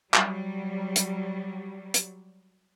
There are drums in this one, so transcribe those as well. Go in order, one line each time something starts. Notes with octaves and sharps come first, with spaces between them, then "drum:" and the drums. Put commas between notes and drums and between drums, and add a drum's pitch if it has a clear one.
F#3 G3, drum: clap
drum: hi-hat
drum: hi-hat